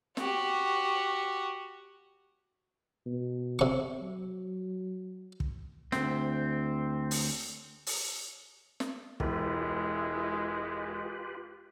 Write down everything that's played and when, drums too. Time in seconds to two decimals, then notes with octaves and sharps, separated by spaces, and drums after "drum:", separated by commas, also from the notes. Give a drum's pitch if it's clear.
0.17 F#4 G4, drum: snare
3.06 B2
3.59 C3 C#6
4.02 F#3
5.40 drum: kick
5.92 D2 C4, drum: snare
7.11 drum: open hi-hat
7.87 drum: open hi-hat
8.80 drum: snare
9.20 E1 G#3 E4 F4 G4 B4, drum: kick